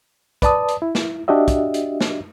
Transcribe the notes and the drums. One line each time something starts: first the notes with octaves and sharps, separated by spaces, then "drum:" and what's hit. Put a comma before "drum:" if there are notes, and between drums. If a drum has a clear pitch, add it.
B4 D5 A5 D#6, drum: kick, hi-hat
drum: hi-hat
E4
drum: snare
D4 F#4 G4 D#5 E5
drum: kick, hi-hat
drum: hi-hat
drum: snare